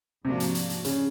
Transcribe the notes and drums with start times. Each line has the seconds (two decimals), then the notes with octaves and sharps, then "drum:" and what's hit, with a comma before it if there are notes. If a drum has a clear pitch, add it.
0.25 G#2 C3 F3 A#3 D4 F#4
0.40 drum: hi-hat
0.55 drum: hi-hat
0.70 drum: hi-hat
0.85 C#3, drum: hi-hat